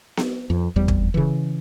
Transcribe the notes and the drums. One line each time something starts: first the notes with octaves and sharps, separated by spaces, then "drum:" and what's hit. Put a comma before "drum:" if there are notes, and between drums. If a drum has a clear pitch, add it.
drum: snare B3
F2
F1 E2 G3
drum: kick
C#3 E3